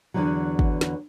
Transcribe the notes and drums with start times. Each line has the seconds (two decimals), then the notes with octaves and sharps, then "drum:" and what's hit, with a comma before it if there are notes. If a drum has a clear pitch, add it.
0.14 E2 A2 D3 E3 F#3
0.59 drum: kick
0.81 drum: snare